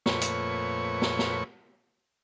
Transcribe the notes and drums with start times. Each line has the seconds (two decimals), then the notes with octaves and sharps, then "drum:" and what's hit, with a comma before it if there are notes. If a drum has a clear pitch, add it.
0.06 F2 A#2 A3 B4 C#5 C#6, drum: snare
0.21 drum: hi-hat
1.02 drum: snare
1.19 drum: snare